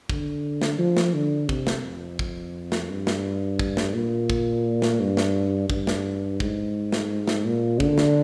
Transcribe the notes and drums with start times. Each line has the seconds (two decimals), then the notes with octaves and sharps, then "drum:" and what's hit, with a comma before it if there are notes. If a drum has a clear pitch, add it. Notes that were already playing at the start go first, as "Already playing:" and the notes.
0.09 D3, drum: kick
0.62 drum: snare
0.79 F3
0.97 drum: snare
1.14 D3
1.49 C3, drum: kick
1.67 drum: snare
1.84 F2
2.19 drum: kick
2.72 drum: snare
2.89 G2
3.07 drum: snare
3.59 drum: kick
3.77 drum: snare
3.94 A#2
4.30 drum: kick
4.82 drum: snare
5.00 G2
5.17 drum: snare
5.70 G2, drum: kick
5.87 drum: snare
6.40 G#2, drum: kick
6.92 drum: snare
7.28 drum: snare
7.45 A#2
7.80 D3, drum: kick
7.98 drum: snare